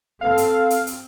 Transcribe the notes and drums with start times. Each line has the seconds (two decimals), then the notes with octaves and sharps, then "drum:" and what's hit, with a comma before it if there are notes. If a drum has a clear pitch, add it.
0.21 C4 A4 F5
0.38 drum: hi-hat
0.70 drum: hi-hat
0.87 drum: hi-hat